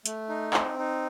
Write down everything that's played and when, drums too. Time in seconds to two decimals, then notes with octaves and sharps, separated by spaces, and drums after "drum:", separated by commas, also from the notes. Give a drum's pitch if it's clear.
0.06 A3, drum: hi-hat
0.29 D#4
0.54 C4, drum: clap
0.78 D#4